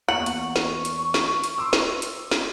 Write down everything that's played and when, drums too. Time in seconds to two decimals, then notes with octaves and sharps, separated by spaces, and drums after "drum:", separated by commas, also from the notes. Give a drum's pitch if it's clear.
0.08 E2 A#3 F#5 C#6
0.26 drum: hi-hat
0.56 drum: snare
0.85 drum: hi-hat
1.14 drum: snare
1.44 drum: hi-hat
1.58 C6 D6 E6
1.73 drum: snare
2.02 drum: hi-hat
2.31 drum: snare